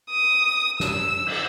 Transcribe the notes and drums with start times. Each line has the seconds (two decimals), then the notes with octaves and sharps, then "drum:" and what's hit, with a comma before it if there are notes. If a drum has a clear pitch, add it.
0.10 D#6
0.80 E6, drum: snare
1.27 drum: cymbal